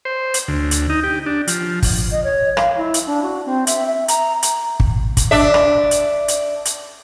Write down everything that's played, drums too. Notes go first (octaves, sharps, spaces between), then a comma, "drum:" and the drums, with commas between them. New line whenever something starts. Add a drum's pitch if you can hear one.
C5
drum: hi-hat
D2
drum: hi-hat
D#4
G4
D4
F3, drum: hi-hat
drum: kick, open hi-hat
D#5
C#5
F5, drum: rim click
E4
drum: hi-hat
D4
F#4
C4
E5, drum: hi-hat
E5
A#5, drum: hi-hat
drum: hi-hat
drum: kick
drum: kick, hi-hat
D4 E5
drum: rim click
drum: hi-hat
drum: hi-hat
drum: hi-hat